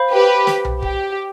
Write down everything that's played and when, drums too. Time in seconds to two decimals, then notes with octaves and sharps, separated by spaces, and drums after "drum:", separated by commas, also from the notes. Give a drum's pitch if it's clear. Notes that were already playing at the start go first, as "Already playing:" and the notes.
Already playing: C5 F5 B5
0.11 G4 B4
0.47 drum: snare
0.65 drum: tom B1
0.83 G4, drum: kick